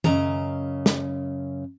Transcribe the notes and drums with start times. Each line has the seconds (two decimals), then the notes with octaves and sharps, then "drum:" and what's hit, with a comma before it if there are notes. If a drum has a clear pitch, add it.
0.04 F#2 C#3 D#5 A#5, drum: tom D#3
0.86 drum: snare